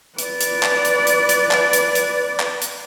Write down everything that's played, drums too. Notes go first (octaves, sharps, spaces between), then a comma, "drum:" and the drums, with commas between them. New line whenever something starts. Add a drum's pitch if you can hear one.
B4 D5, drum: hi-hat
drum: hi-hat
drum: clap
drum: hi-hat
drum: hi-hat
drum: hi-hat
drum: clap
drum: hi-hat
drum: hi-hat
drum: clap
drum: hi-hat